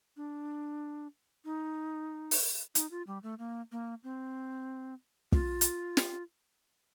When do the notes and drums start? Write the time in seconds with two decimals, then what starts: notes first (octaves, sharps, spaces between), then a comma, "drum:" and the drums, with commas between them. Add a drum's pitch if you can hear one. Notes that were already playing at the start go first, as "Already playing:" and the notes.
0.17 D4
1.45 D#4
2.31 drum: open hi-hat
2.75 D#4, drum: hi-hat
2.91 F4
3.07 G3
3.23 A3
3.39 A#3
3.72 A#3
4.04 C4
5.32 F4, drum: kick
5.61 drum: hi-hat
5.97 drum: snare